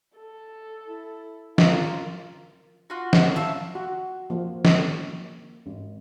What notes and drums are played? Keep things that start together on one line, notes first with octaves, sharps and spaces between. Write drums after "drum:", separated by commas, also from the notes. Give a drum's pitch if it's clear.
A4
E4
F4 A#4, drum: snare
F4 F#4
drum: snare
E5 F5 A5 A#5
F#4
F3 A#3
drum: snare
G#1